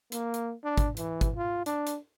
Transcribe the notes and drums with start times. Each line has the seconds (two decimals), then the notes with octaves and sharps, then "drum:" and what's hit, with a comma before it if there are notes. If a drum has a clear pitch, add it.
0.12 A#3, drum: hi-hat
0.34 drum: hi-hat
0.64 D4
0.78 drum: kick, hi-hat
0.97 E3, drum: hi-hat
1.21 drum: kick, hi-hat
1.36 F4
1.66 D4, drum: hi-hat
1.87 drum: hi-hat